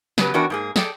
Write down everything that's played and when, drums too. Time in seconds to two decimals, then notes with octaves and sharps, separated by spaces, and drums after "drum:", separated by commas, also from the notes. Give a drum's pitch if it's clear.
0.18 C#3 F#3 B3 G4 B4, drum: snare
0.34 E3 B3 D4 F#4 A#4 G5
0.50 G#2 A#3 G#4
0.76 G#4 A4 D5 G5, drum: snare